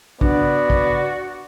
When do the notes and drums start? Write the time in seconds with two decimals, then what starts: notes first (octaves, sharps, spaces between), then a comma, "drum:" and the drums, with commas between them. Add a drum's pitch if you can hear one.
0.21 B3 D4 F#4 D5, drum: kick
0.70 drum: kick